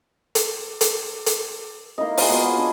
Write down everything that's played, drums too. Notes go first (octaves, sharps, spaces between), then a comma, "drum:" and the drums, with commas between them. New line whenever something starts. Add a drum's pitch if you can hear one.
drum: hi-hat
drum: hi-hat
drum: hi-hat
A#3 D#4 E4 D#5
F4 G#4, drum: open hi-hat
B3 F#4 D5
F4 C#5
D4